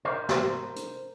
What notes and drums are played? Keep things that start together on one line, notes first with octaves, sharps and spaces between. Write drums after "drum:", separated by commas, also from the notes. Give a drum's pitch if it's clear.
A#4 C5
drum: snare
drum: hi-hat